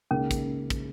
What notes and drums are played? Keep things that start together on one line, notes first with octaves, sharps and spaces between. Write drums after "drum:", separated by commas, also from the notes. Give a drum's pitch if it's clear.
C#2 C#3 A#3 C#4 D#4
drum: kick, hi-hat
drum: kick, hi-hat